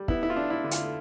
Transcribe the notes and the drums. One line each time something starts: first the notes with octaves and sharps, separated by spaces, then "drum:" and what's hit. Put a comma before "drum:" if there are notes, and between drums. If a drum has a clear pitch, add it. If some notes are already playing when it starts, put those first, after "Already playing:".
Already playing: G3
B3 E4, drum: kick
E4
F4
D4
E4
D3
F4, drum: hi-hat